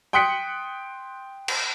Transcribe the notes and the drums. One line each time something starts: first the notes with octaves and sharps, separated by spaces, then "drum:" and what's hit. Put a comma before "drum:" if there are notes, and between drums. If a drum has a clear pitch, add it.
G5 C6 D#6 F#6 B6 C#7
drum: cymbal